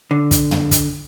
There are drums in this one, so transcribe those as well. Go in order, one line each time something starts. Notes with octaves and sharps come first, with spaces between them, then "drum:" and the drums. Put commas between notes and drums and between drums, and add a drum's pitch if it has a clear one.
D3
drum: kick, hi-hat
drum: tom
drum: kick, hi-hat